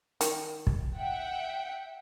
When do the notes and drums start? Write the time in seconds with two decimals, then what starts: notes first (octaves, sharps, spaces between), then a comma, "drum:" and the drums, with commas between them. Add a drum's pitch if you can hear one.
0.21 D#3, drum: hi-hat
0.67 drum: kick
0.95 E5 F#5 G5